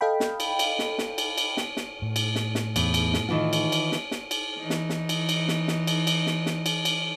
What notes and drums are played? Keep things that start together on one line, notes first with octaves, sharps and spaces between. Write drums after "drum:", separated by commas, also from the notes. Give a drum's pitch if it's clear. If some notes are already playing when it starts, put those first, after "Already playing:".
A4 D#5 F5 G5 B5
drum: snare
drum: cymbal
drum: cymbal
drum: snare
drum: snare
drum: cymbal
drum: cymbal
drum: snare
drum: snare
A2
drum: cymbal
drum: snare
drum: snare
E2, drum: cymbal
drum: cymbal
drum: snare
D#3 E3 F4
drum: cymbal
drum: cymbal
drum: snare
drum: snare
drum: cymbal
E3 D#4
drum: snare
drum: snare
drum: cymbal
drum: cymbal
drum: snare
drum: snare
drum: cymbal
drum: cymbal
drum: snare
drum: snare
drum: cymbal
drum: cymbal